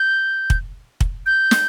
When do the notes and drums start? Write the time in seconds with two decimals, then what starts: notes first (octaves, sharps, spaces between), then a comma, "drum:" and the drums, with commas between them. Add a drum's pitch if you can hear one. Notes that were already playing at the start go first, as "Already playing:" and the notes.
Already playing: G6
0.50 drum: kick
1.01 drum: kick
1.26 G6
1.51 drum: snare